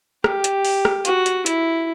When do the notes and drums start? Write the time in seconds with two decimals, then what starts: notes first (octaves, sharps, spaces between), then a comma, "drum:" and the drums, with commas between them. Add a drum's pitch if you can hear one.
0.24 G4, drum: rim click
0.44 drum: hi-hat
0.65 drum: open hi-hat
0.85 drum: rim click
1.05 F#4, drum: hi-hat
1.26 drum: hi-hat
1.46 E4, drum: hi-hat